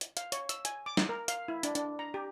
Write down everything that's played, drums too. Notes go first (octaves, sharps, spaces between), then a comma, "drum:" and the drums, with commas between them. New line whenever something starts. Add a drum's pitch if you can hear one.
drum: hi-hat
F5, drum: hi-hat
C#5, drum: hi-hat
E6, drum: hi-hat
G#5, drum: hi-hat
D6
drum: snare
A#4
F5, drum: hi-hat
E4
D4, drum: hi-hat
D4, drum: hi-hat
A#5
G4